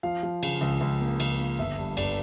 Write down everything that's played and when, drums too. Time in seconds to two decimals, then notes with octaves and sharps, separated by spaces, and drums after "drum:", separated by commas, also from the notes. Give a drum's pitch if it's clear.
0.03 F3 F5
0.23 F3
0.43 C#3, drum: cymbal
0.61 C#2
0.81 C#2
1.01 A#3
1.20 C#2, drum: cymbal
1.39 A#3
1.59 G1 E5
1.79 G2
1.97 G1 D5, drum: cymbal